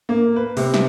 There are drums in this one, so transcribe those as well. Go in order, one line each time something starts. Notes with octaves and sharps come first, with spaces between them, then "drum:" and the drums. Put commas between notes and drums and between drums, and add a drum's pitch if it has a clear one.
A#3
B4
C3, drum: open hi-hat
drum: snare